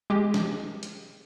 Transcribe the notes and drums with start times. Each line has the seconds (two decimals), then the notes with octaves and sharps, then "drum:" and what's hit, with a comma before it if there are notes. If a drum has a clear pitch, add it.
0.10 G#3 G4
0.34 drum: snare
0.83 drum: hi-hat